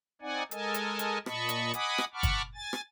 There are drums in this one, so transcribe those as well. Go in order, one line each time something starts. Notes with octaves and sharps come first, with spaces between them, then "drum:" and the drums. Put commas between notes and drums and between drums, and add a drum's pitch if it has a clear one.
C4 D#4 D5 F#5 G#5
G#3 A4 A#4 D#5 G#5 A5, drum: hi-hat
drum: hi-hat
drum: hi-hat
A#2 D#5 A5 B5 C#6, drum: rim click
drum: hi-hat
D#5 F#5 G#5 B5 D6 D#6, drum: hi-hat
drum: rim click
F#5 A5 B5 C#6 D6 F6
drum: kick, hi-hat
G#5 A6
drum: rim click